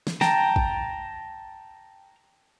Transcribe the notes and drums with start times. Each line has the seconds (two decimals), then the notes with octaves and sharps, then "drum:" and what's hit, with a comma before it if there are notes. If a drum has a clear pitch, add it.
0.07 drum: snare
0.21 G5 A5 A#5, drum: snare
0.56 drum: kick